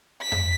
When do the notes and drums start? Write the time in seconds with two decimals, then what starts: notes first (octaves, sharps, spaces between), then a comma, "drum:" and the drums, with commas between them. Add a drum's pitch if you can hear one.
0.22 B6
0.32 drum: tom F2